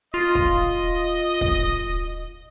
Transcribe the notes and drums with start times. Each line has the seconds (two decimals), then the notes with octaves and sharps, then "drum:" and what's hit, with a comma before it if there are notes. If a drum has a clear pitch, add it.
0.14 F4 D#5
0.35 drum: kick
1.41 drum: kick